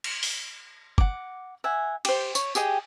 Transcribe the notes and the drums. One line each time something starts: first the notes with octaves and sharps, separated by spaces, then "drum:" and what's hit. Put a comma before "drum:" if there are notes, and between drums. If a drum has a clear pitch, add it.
drum: cymbal
drum: open hi-hat
F#5 D6, drum: kick F#1
E5 F#5 G#5
G4 C5, drum: cymbal
C#5, drum: tambourine
G4 G#4 D#5 G5, drum: tambourine